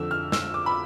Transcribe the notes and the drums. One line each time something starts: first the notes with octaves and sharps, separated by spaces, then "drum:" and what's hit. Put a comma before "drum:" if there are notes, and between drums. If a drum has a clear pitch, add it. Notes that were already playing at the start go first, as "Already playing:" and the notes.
Already playing: F2 D3 F3 E6
F6
E6, drum: snare
D6
B5